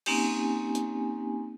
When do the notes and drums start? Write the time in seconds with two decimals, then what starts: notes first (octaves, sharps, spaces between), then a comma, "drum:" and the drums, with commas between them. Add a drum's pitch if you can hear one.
0.06 A#3 C4 C#4 D#4 G4 G#5, drum: cymbal
0.75 drum: hi-hat